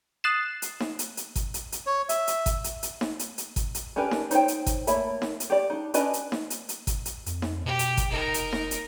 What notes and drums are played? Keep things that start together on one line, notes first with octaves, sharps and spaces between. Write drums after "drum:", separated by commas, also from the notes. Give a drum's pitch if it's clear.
D#6 F#6 A6 C7 E7
drum: hi-hat
drum: snare D#4
drum: hi-hat
drum: hi-hat
drum: kick, hi-hat
drum: hi-hat
drum: hi-hat
C#5
E5, drum: hi-hat
drum: hi-hat
drum: kick, hi-hat
drum: hi-hat
drum: hi-hat
drum: snare D#4
drum: hi-hat
drum: hi-hat
drum: kick, hi-hat
drum: hi-hat
C#4 D4 G4 A#4 B4
drum: snare D#4
D#4 C5 C#5 G5, drum: hi-hat
drum: hi-hat
drum: kick, hi-hat
A3 A#3 C#5 E5 B5, drum: hi-hat
drum: snare D#4
drum: hi-hat
G4 D5
D4 D#4
C#4 D4 B4 D#5, drum: hi-hat
drum: hi-hat
drum: snare D#4
drum: hi-hat
drum: hi-hat
drum: kick, hi-hat
drum: hi-hat
F2, drum: hi-hat
drum: snare D#4
B2 G4
drum: hi-hat
drum: kick, hi-hat
F1 D#4 A#4
drum: hi-hat
drum: snare D#4
drum: hi-hat